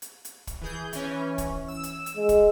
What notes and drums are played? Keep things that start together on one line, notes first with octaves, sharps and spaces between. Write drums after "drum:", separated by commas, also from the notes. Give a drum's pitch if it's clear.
drum: hi-hat
drum: hi-hat
drum: kick, hi-hat
E3 G#4 G6
E3 C#4, drum: hi-hat
drum: kick, hi-hat
E6
drum: hi-hat
drum: hi-hat
G#3
drum: kick, hi-hat